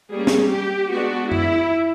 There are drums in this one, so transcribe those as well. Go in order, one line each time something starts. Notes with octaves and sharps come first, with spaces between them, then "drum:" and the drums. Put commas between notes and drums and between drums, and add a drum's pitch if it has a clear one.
G3 A#3 C#4 G#4
drum: snare
G4
G#3 B3 D4 F#4
E4, drum: tom F#2